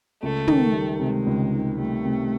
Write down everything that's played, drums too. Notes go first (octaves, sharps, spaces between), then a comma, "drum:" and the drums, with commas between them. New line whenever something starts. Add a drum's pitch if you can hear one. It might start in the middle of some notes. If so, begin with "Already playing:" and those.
C#2 A3
D#3, drum: tom
G3
C3 G#3
C#2
D#3
G3 A3
C3